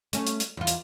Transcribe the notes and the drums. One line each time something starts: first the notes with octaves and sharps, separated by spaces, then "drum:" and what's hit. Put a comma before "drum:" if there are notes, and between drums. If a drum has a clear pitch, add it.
A3 C#4, drum: hi-hat
drum: hi-hat
drum: hi-hat
E2 F4
drum: hi-hat